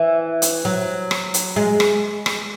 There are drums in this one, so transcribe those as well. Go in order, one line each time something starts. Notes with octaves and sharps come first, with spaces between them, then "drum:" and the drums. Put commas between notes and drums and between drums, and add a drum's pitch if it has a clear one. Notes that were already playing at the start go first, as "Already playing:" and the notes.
Already playing: E3
drum: hi-hat
F#3
drum: rim click
drum: hi-hat
G#3
drum: rim click
drum: rim click